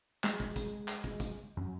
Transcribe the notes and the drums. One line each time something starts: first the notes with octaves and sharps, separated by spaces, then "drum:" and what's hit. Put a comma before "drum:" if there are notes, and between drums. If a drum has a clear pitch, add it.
G#3, drum: clap
drum: kick
drum: kick, tambourine
drum: clap
drum: kick
drum: kick, tambourine
F#2